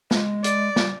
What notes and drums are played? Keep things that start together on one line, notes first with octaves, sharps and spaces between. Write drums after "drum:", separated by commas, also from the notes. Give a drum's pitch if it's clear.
G#3, drum: snare
D5, drum: hi-hat
G3, drum: snare